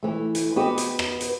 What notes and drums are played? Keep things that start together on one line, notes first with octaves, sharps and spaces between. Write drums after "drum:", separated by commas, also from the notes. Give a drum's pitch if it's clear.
E3 A3
drum: hi-hat
B3 F#4 G4 B4 D#5
drum: hi-hat
drum: rim click
drum: hi-hat